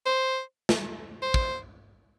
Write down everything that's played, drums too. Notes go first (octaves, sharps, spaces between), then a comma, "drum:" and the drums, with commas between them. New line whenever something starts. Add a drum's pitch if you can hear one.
C5
drum: snare
C5
drum: kick